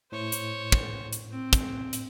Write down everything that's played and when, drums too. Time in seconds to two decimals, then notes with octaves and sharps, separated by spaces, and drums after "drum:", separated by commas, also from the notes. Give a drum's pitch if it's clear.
0.12 A2 C5 C#5
0.32 drum: hi-hat
0.72 drum: kick
1.13 drum: hi-hat
1.31 C4
1.53 drum: kick, hi-hat
1.93 drum: hi-hat